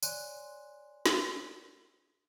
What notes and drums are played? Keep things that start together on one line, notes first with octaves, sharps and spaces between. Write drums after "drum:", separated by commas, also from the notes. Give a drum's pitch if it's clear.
C#5 D5 G#5 C6 F#6, drum: tambourine
drum: snare